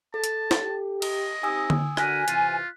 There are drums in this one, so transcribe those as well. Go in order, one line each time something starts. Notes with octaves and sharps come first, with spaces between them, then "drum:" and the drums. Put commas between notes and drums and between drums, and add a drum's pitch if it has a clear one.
A4 A5
drum: hi-hat
G4, drum: snare
D#5, drum: cymbal
C4 D#4 G4 G#5 D#6 E6
drum: tom D3
D3 F#4 A#4 G#5 F#6 B6, drum: rim click
C3 E3 F4, drum: hi-hat